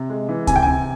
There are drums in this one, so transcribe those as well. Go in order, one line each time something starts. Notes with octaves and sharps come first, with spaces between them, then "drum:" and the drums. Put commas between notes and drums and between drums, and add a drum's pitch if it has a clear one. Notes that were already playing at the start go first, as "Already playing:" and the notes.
Already playing: C3
G#3
E3
C3 G#5, drum: kick C#2, hi-hat
G5
C3 G#5